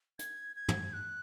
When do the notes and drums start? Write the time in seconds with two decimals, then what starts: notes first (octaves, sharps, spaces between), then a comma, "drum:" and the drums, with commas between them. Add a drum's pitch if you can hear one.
0.19 G#6, drum: hi-hat
0.56 G#6
0.68 drum: tom
0.93 F#6